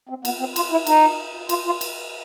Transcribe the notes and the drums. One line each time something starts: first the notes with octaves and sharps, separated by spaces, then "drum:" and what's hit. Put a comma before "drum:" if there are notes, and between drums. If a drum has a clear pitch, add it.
C4
B3, drum: cymbal
C4
F4, drum: cymbal
E4
D#4, drum: cymbal
F4, drum: cymbal
F4
drum: cymbal